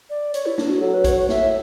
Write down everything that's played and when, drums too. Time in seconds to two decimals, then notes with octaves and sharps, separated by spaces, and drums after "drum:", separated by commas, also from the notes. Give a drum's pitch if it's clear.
0.10 D5
0.34 C#5, drum: hi-hat
0.46 E4
0.58 D4, drum: snare
0.69 F#4
0.81 F#3 A4
0.94 B4
1.04 C#5, drum: kick A#1, hi-hat
1.17 C#5
1.29 A2 E5, drum: snare